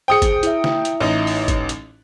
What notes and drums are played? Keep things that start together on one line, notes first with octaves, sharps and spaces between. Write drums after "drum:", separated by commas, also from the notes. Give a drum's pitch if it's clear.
G#4 C5 G5 D#6 C#7
drum: kick, hi-hat
E4 E5, drum: hi-hat
drum: snare
drum: hi-hat
A1 D#4
drum: open hi-hat
drum: kick, hi-hat
drum: hi-hat